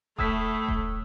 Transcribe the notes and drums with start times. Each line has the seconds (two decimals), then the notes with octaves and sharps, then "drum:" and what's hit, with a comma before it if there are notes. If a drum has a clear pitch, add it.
0.19 A2 A3 D#6 E6 B6, drum: kick D#1
0.68 drum: kick D#1